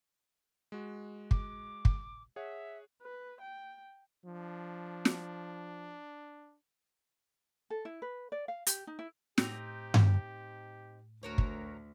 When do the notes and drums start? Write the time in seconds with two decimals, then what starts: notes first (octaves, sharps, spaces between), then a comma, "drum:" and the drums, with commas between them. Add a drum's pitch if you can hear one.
0.72 G#3 F#4
1.31 D6, drum: kick
1.85 drum: kick
2.36 G#4 C#5 E5 F#5
3.03 B4
3.41 G5
4.25 F3 D4
5.05 drum: snare
7.70 A4
7.85 E4
8.02 B4
8.32 D5
8.48 F5
8.67 G4, drum: hi-hat
8.87 D#4
8.99 E4
9.38 A2 C4 D#4 G4, drum: snare
9.94 drum: tom G2
11.23 D2 F#4 A#4 C#5
11.38 drum: kick